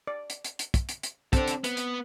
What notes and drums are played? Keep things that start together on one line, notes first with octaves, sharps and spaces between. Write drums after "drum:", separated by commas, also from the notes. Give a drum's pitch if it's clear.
D5
drum: hi-hat
drum: hi-hat
drum: hi-hat
drum: kick, hi-hat
drum: hi-hat
drum: hi-hat
C4 D4 A4, drum: kick, hi-hat
drum: hi-hat
B3, drum: hi-hat
drum: hi-hat